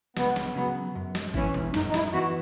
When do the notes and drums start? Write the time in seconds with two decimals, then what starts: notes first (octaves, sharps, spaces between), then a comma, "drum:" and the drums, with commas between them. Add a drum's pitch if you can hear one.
0.17 C#2 B3, drum: snare
0.36 drum: snare
0.55 C#3 F#3 B3
0.95 F#2
1.15 drum: snare
1.34 E3 B3 C#4 E4, drum: kick G1
1.54 drum: tom A#2
1.74 F#2 D#4, drum: snare
1.88 D#4
1.94 E4, drum: snare
2.13 E3 B3 E4 F#4